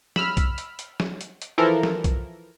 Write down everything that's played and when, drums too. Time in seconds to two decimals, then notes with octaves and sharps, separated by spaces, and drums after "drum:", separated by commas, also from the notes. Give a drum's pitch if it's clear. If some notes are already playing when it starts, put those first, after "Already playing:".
0.16 B5 E6 F6, drum: snare
0.37 drum: kick B1, hi-hat
0.58 drum: hi-hat
0.79 drum: hi-hat
1.00 drum: snare
1.21 drum: hi-hat
1.42 drum: hi-hat
1.58 E3 F3 E4 A4 A#4
1.83 drum: snare
2.04 drum: kick B1, hi-hat